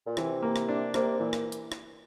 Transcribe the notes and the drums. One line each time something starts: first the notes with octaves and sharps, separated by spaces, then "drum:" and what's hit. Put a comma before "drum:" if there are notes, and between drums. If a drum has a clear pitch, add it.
A#2
C3 E3, drum: rim click
A#3
drum: rim click
D4
C3 A#3, drum: rim click
A#2 E3
drum: rim click
drum: hi-hat
drum: rim click